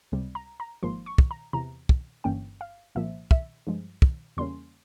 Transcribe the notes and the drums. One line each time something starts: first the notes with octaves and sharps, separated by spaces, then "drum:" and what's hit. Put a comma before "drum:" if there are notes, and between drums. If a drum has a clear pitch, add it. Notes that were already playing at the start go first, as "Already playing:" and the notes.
C#2 C3 G3
A#5
A#5
G#1 G#2 F3 A#3 C6
C#6
drum: kick
A#5
E2 C3 E3 A#5
drum: kick
G1 G2 E3 A#3 C#4 G5
F5
C2 A#2 F3 A#3 E5
E5, drum: kick
G2 F3 G#3
drum: kick
E2 C#3 G3 A#3 C#4 C6